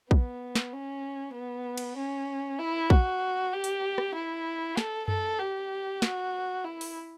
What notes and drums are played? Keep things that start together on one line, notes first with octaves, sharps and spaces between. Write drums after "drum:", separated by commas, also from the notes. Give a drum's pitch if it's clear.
B3, drum: kick
drum: snare
C#4
B3
drum: cymbal
C#4
E4
F#4, drum: kick
G4
drum: hi-hat
drum: rim click
E4
A4, drum: snare
A4, drum: tom F#2
G4
F#4, drum: snare
E4
drum: open hi-hat